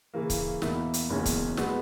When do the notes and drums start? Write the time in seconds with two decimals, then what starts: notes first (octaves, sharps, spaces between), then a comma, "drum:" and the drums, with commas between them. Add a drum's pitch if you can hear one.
0.14 C#3 E3 A#3
0.30 drum: kick C#1, hi-hat
0.62 E2 B2 A#3 E4, drum: snare
0.94 drum: hi-hat
1.10 F#1 E2 B2 G#3 C#4
1.26 drum: kick C#1, hi-hat
1.57 B2 G#3 B3 F#4, drum: snare